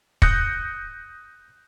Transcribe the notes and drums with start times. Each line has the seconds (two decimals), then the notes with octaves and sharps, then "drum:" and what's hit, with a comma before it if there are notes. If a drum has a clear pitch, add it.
0.22 D#6 F#6 G6 A#6 C#7, drum: kick